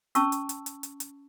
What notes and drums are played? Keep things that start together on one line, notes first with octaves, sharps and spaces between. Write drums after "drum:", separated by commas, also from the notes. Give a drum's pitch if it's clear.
C#4 A5 C#6 E6, drum: hi-hat
drum: hi-hat
drum: hi-hat
drum: hi-hat
drum: hi-hat
drum: hi-hat